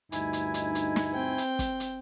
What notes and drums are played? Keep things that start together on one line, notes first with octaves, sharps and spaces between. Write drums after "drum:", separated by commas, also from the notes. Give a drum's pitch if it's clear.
D2 G2 D#4 E4 G#5, drum: hi-hat
drum: hi-hat
drum: hi-hat
drum: hi-hat
drum: snare
C4 G5
drum: hi-hat
drum: kick, hi-hat
drum: hi-hat